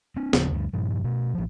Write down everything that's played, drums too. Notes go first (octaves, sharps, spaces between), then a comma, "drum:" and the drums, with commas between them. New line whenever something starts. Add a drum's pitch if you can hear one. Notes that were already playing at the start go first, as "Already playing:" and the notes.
C4 D4
D#2 C#3 F3, drum: snare
D2 G2
G2 A#2 F3
B2 A3
A1 F3